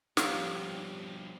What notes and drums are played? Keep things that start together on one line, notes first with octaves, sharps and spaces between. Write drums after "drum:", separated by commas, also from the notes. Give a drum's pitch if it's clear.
B2 F3 G3 C4 G4 C#5 F5 A#5, drum: snare